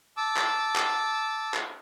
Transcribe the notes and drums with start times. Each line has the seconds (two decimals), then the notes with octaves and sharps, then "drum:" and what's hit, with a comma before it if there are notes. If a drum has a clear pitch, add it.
0.17 A5 D6 E6
0.37 drum: clap
0.76 drum: clap
1.54 drum: clap